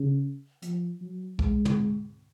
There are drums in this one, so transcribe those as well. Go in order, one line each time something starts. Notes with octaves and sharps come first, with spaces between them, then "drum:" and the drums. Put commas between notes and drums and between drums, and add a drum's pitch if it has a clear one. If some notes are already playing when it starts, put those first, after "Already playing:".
Already playing: C#3
F3, drum: hi-hat
F#3
G#3, drum: kick
drum: tom